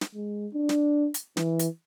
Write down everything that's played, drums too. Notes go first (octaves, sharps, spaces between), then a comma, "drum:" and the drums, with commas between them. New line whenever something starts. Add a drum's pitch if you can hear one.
drum: snare
G#3
D4
drum: snare
drum: hi-hat
E3, drum: snare
drum: hi-hat